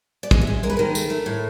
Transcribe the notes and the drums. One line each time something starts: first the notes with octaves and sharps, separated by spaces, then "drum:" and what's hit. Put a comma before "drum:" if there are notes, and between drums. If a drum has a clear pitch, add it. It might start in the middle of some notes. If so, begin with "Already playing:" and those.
D5
G#3 D#5, drum: kick
E5
G#3
G#3 A#4
B4
D#3 A#4
A3, drum: tambourine
A3
A2